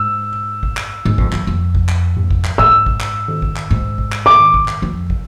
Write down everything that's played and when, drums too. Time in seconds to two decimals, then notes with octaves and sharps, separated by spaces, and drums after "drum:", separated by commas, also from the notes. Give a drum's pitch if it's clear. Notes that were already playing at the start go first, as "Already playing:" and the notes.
Already playing: G#2 E6
0.63 drum: kick
0.77 drum: clap
1.05 G#2, drum: tom F#3
1.18 F2, drum: kick
1.32 F2, drum: clap
1.47 F2
1.75 drum: kick
1.89 drum: clap
2.17 drum: tom G#2
2.31 drum: kick
2.45 drum: clap
2.58 G#2 E6
2.86 drum: kick
3.00 drum: clap
3.28 drum: tom D#3
3.42 drum: kick
3.56 drum: clap
3.70 G#2
3.98 drum: kick
4.12 drum: clap
4.26 D6
4.40 drum: tom D#3
4.54 drum: kick
4.68 drum: clap
4.82 F2
5.10 drum: kick